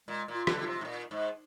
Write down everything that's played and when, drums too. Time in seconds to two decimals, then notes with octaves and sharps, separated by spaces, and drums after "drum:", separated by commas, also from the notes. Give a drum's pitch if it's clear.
0.08 A#2 G#3
0.28 A#2
0.34 F4
0.47 D3, drum: rim click
0.59 D3 F4
0.66 C3
0.81 G#2
0.85 A#2
1.11 G#2